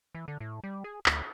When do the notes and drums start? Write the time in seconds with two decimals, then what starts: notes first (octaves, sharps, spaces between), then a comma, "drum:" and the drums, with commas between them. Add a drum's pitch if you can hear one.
0.15 E3
0.28 D3
0.41 A2
0.64 G3
0.84 G#4
1.06 D2, drum: clap